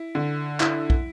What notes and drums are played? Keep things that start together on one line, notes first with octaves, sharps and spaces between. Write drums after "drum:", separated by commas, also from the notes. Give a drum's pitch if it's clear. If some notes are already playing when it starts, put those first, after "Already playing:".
Already playing: E4
D3
E4, drum: clap
drum: kick